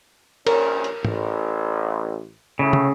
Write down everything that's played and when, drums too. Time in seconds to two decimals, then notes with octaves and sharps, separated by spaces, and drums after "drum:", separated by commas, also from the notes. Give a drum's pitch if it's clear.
0.47 A#1 G2 C#4 A#4 C#5, drum: cymbal
0.84 drum: hi-hat
1.05 A1, drum: tom
2.59 A2 C#3
2.73 drum: tom